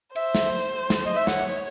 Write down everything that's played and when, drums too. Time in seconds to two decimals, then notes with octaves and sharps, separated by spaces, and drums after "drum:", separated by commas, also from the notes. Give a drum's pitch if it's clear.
0.15 C5 E5, drum: cymbal
0.35 drum: snare
0.90 drum: snare
1.06 D#5
1.16 E5
1.27 C#5 F#5, drum: snare